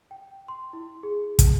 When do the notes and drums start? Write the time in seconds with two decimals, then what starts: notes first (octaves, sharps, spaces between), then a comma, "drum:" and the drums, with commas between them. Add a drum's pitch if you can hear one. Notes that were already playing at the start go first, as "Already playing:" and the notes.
0.11 G5
0.48 C6
0.73 E4
1.03 G#4
1.39 drum: kick, hi-hat